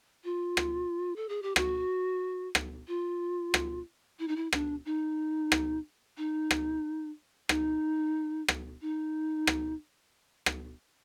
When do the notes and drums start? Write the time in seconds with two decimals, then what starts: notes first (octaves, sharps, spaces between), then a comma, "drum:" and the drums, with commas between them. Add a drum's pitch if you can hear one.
0.24 F4
0.57 drum: rim click
1.16 A4
1.29 G#4
1.42 G4
1.56 F#4, drum: rim click
2.55 drum: rim click
2.88 F4
3.54 drum: rim click
4.19 E4
4.28 D#4
4.36 E4
4.53 D4, drum: rim click
4.86 D#4
5.52 drum: rim click
6.18 D#4
6.51 drum: rim click
7.49 D#4, drum: rim click
8.48 drum: rim click
8.82 D#4
9.47 drum: rim click
10.46 drum: rim click